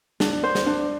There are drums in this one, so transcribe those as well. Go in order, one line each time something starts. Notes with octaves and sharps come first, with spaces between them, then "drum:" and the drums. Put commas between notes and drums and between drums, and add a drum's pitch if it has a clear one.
D4, drum: snare
C5
drum: snare
D4